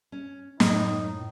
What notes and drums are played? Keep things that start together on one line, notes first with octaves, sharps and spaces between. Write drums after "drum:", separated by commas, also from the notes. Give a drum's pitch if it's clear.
C#4
F#2 A2 D#4, drum: snare